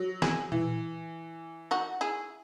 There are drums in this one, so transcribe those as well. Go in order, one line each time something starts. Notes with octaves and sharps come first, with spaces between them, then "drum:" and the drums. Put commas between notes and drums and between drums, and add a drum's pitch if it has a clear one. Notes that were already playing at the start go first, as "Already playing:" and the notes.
Already playing: F#3
E4 G#4, drum: snare
E3, drum: tom A#2
D#4 F#4
E4 G#4